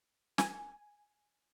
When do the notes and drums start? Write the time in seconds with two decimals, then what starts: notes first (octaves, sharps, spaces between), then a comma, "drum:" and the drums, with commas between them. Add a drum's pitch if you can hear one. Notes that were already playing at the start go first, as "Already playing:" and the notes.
0.38 G#5, drum: snare